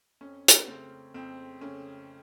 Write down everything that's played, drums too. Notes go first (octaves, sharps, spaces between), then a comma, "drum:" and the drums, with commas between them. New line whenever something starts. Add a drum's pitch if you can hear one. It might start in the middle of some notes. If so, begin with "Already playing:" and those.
F2 C#4
drum: hi-hat
C#3 A3 C4
F2 C4
C#3 A3 C#4